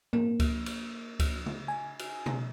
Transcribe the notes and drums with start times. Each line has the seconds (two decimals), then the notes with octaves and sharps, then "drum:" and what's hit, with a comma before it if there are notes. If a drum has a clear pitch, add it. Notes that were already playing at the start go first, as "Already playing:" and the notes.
0.13 A#3, drum: tom
0.40 drum: kick C#2, cymbal
0.66 drum: cymbal
1.19 drum: kick C#2, cymbal
1.46 drum: tom
1.68 G#5
1.99 drum: cymbal
2.26 drum: tom B2